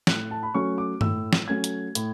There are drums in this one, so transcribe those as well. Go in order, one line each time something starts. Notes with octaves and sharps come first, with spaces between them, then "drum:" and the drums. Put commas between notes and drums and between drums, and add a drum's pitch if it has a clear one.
A2 F#6, drum: snare
A5
B5
F#3 A3 C#4 C#6
D6
A2 E6, drum: tom G2
drum: snare
F#3 A3 C#4 G#6
drum: hi-hat
A2, drum: hi-hat